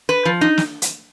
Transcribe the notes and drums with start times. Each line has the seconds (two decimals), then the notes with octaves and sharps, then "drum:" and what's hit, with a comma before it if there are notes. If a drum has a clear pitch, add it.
0.09 B4
0.25 F3
0.41 D#4
0.58 drum: snare
0.82 drum: hi-hat